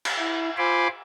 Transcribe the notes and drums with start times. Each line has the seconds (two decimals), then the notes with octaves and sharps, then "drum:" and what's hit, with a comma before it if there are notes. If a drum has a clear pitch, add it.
0.05 drum: cymbal
0.17 E4
0.58 F4 C5 G#5 B5 C6 D6